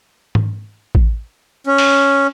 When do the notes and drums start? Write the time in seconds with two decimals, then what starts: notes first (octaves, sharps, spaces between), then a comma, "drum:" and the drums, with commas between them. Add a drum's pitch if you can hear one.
0.35 drum: tom G#2
0.95 drum: kick A1
1.67 C#4
1.78 drum: open hi-hat